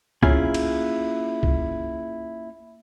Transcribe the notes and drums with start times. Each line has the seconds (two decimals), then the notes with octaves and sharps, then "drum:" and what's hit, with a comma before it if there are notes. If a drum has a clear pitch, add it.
0.23 A#3 C#4 E4 F4 G#4, drum: kick C2
0.54 drum: cymbal
1.43 drum: kick C2